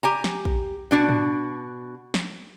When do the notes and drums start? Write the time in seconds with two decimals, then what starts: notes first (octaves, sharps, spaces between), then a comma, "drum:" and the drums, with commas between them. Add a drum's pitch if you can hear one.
0.03 G4 G#5 A#5
0.24 drum: snare
0.45 drum: kick
0.91 B2 D4 F#4
1.09 drum: tom
2.14 drum: snare